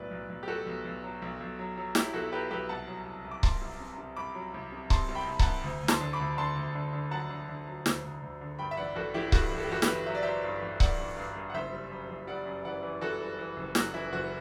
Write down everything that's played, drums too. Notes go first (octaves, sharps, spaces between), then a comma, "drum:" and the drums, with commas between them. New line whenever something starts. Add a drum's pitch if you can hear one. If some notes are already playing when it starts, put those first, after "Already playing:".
Already playing: B1 A2 B4 D5
B1
B1
G4
B1 F#4 A4
B1
B1
F#3
B1
B1
F#3
F#3
F#3 E4 G4, drum: snare
B1 F#4 A4
F#3 G4 B4
B1 G4 B4
C2 F#5 A5
F#3
C2
C2
D6
C2 A5 C6, drum: kick C#1
C2
C3
C3
C2 B5 D6
F#3
C2
C3
C3 A5 C6, drum: kick C#1
C2
G5 B5
C2
F#5 A5, drum: kick C#1
C2
D2
D2
A5 C6, drum: snare
D3
B5 D6
D2
D3 A5 C6
D2
D3
D3
F#3 F#5 A5
D3
D3
F#3
D2, drum: snare
D2
D2
D3
G2 G5 B5
E5
A1 D5 F#5
A1 F#4 A4
A1 E4 G4
G4
G2 F#4 A4, drum: kick C#1
A1
A4
G4
A1 F#4 A4
G4 B4, drum: snare
A1
F#3 E5
D5
F#3 C5 E5
G2
A1
A1 D5 F#5, drum: kick C#1
G2
G2
G2
F#5
F#1 C5 E5
G3
F#2
F#1
G3 D5 F#5
F#2
E3 D5 F#5
E3
E3 F#4 A4
G3
E3
F#1
F#2 F#4, drum: snare
E3 E4
F#1 F#4